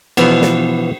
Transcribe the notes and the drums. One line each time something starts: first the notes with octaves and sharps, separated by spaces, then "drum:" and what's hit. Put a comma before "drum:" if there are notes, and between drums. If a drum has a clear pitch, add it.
B2 E3 F3 B3, drum: cymbal
drum: snare